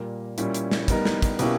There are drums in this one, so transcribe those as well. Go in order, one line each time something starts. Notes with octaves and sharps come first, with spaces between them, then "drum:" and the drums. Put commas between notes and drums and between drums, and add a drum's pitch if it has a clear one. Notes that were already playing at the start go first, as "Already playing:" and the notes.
Already playing: A#2 G3 A#3
A#2 G3 C#4 E4, drum: hi-hat
drum: hi-hat
drum: snare
G3 B3 D#4 A#4, drum: kick, hi-hat
drum: snare
drum: kick, hi-hat
B2 A#3 C#4 E4 G4, drum: hi-hat